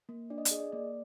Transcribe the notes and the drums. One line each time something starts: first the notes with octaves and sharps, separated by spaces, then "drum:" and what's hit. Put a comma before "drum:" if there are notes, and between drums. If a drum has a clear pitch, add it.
A#3
D4 D5
D#5
D5, drum: hi-hat
G#4 D#5
D5
A#3 D5